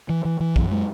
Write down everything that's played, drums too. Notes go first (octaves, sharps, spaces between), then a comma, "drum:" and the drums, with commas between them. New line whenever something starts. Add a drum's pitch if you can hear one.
E3
E3
E3
F#2, drum: kick
G#3